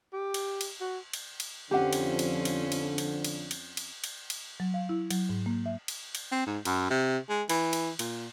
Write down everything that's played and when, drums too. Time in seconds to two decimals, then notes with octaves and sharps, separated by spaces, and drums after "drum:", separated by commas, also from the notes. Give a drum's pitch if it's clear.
0.13 G4
0.34 drum: cymbal
0.61 drum: cymbal
0.81 F#4
1.13 drum: cymbal
1.40 drum: cymbal
1.71 F2 D3 F3 C#4 G4 F#5
1.93 drum: cymbal
2.19 drum: cymbal
2.45 drum: cymbal
2.72 drum: cymbal
2.98 drum: cymbal
3.24 drum: cymbal
3.51 drum: cymbal
3.77 drum: cymbal
4.04 drum: cymbal
4.30 drum: cymbal
4.60 F#3
4.74 F5
4.89 E4
5.11 F#3, drum: cymbal
5.29 G#2
5.46 A#3
5.66 E5
5.88 drum: cymbal
6.15 drum: cymbal
6.32 C4
6.46 G#2
6.65 F#2, drum: cymbal
6.90 C3
7.29 G#3
7.49 E3, drum: cymbal
7.73 drum: cymbal
7.99 A#2, drum: cymbal